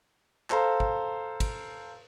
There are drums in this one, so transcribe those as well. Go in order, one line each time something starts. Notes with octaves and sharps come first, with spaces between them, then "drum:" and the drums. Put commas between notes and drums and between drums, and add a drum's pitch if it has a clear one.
A4 C5 F5 A#5, drum: clap
drum: kick
drum: kick, cymbal